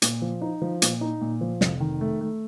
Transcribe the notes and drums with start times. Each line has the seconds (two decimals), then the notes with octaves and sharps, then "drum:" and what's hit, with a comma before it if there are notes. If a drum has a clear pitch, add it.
0.02 A#2, drum: hi-hat
0.22 F3
0.42 D#4
0.62 F3
0.82 A#2, drum: hi-hat
1.01 D#4
1.21 A#2
1.41 F3
1.61 F1, drum: snare
1.80 D#3
2.01 A3
2.21 A3